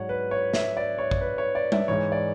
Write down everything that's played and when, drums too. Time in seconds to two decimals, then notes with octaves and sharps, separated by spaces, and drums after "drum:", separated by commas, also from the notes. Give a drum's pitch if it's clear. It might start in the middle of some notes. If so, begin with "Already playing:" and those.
Already playing: G#2 F#3 C#5 D5 F#5
0.09 B4
0.31 C#5
0.54 E5, drum: snare
0.77 D5
0.99 C#5
1.11 drum: kick
1.21 B4
1.38 C#5
1.55 D5
1.72 E5, drum: tom G3
1.88 G#2 E3 C#5
2.12 D5